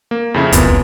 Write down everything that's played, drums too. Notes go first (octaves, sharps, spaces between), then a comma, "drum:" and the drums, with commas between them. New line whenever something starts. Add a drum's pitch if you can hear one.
A#3
F2 C#3 E4
F1 C#2 F#2 A#2 B3, drum: hi-hat